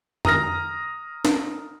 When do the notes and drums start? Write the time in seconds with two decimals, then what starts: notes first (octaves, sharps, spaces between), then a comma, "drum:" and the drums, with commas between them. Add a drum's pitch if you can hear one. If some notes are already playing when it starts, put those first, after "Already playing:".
0.25 A#5 D#6 F6 A#6, drum: tom F2
1.25 drum: snare